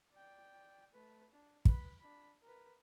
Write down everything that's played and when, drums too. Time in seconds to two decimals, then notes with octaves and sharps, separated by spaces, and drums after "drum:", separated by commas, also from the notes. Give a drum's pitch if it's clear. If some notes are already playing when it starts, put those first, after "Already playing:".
0.12 D5 G5
0.93 A3 B4
1.32 D4
1.65 B4 B5, drum: kick
1.99 D4 B5
2.43 A#4 B4